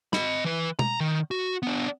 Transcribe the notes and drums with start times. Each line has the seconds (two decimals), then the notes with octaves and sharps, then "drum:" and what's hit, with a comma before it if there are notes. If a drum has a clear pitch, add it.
0.13 D#5 B5, drum: snare
0.44 E3 B4
0.79 A#5, drum: tom B2
1.00 D#3
1.31 F#4
1.63 B3 D4